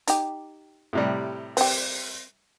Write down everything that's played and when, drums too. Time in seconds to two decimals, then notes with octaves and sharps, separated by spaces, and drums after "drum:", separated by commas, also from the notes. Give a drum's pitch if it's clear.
0.07 D#4 G4, drum: hi-hat
0.93 A2 C3 G3
1.57 C4 G4, drum: open hi-hat